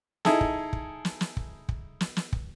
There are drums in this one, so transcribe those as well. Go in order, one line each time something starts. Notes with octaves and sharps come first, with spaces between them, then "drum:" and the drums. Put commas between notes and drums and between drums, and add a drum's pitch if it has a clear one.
D#4 E4 G#4 A4, drum: snare
drum: kick
drum: kick
drum: snare
drum: snare
drum: kick
drum: kick
drum: snare
drum: snare
drum: kick